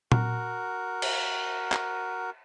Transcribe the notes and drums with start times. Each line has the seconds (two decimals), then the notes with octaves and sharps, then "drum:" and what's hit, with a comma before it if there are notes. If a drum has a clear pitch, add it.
0.12 F#4 A#4, drum: tom A#2
1.02 drum: cymbal
1.72 drum: clap